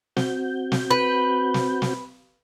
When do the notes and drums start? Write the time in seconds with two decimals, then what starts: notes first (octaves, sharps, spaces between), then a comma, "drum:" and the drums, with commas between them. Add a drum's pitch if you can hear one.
0.17 C4 F#4 G6, drum: snare
0.72 drum: snare
0.91 B4
1.54 drum: snare
1.82 drum: snare